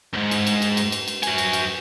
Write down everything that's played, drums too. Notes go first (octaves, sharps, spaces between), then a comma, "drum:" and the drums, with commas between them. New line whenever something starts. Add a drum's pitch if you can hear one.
C#2 G#2
drum: cymbal
drum: cymbal
drum: cymbal
drum: cymbal
drum: cymbal
drum: cymbal
F#4 G#5, drum: cymbal
drum: cymbal
drum: cymbal